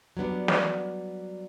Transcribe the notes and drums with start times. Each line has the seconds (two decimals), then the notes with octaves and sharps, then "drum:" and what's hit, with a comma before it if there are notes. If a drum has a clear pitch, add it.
0.17 F#3 G3 B3 D4
0.48 drum: snare